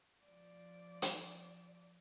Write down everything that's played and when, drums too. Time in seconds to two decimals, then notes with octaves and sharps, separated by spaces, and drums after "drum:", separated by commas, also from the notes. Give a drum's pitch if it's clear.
0.25 F3 D5
1.02 drum: hi-hat